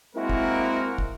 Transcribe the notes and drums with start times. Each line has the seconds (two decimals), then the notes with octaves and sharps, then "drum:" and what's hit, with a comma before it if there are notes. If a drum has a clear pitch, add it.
0.16 G#3 A#3 C4 E4 F#4 A#4
0.29 drum: kick
0.98 drum: kick